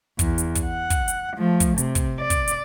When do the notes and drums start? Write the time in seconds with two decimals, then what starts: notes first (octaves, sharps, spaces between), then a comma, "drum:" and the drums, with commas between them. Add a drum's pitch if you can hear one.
0.19 E2, drum: kick, hi-hat
0.38 drum: hi-hat
0.55 drum: kick, hi-hat
0.65 F#5
0.90 drum: kick, hi-hat
1.08 drum: hi-hat
1.36 F3 A3
1.60 drum: kick, hi-hat
1.78 C3, drum: hi-hat
1.95 drum: kick, hi-hat
2.20 D5
2.30 drum: kick, hi-hat
2.48 drum: hi-hat